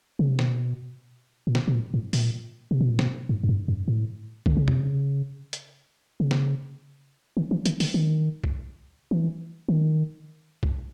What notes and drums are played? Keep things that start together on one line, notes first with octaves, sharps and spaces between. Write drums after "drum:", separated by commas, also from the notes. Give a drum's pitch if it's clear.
C#3
C3
B2, drum: snare
A#2
B2, drum: snare
B2
A#2
A2
A#2, drum: open hi-hat
C3
B2
A#2
B2, drum: snare
G#2
F#2
G2
F#2
A2
D3, drum: kick
C#3
C3, drum: tom E2
C#3
drum: hi-hat
C#3
drum: snare
D#3
E3
D#3, drum: hi-hat
D3, drum: open hi-hat
D#3
drum: kick
E3
D#3
drum: kick